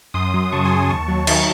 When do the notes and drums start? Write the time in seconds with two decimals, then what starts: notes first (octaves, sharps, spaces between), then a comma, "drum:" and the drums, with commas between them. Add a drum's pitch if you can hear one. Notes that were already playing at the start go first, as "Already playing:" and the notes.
0.14 F#2 C6 D#6
0.34 F#3
0.52 C#3 A5 C#6
0.65 G#5 C6
0.71 F#2
0.78 A5 C#6
0.90 D#2 A5 C#6
1.09 F#3
1.27 D#3, drum: cymbal